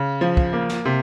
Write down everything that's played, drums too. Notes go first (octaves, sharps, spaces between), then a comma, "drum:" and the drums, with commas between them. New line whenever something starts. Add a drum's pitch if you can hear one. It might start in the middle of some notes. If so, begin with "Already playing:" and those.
Already playing: C#3
F3
drum: kick
A#3
drum: snare
C3